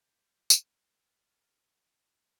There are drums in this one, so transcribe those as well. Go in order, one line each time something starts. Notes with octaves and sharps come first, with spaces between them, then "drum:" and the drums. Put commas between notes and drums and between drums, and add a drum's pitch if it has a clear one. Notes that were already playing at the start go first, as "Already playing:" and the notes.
Already playing: G4
drum: tambourine
F4